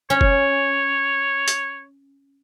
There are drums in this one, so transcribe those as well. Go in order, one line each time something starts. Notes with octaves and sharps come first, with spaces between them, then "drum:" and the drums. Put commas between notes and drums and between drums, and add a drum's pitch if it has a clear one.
C#4 C#5
drum: kick
drum: hi-hat